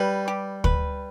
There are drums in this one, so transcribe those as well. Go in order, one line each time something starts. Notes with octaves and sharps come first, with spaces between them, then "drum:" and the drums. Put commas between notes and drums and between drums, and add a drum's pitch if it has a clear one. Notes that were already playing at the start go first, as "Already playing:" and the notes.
Already playing: G3 B4
G4
B4, drum: kick D2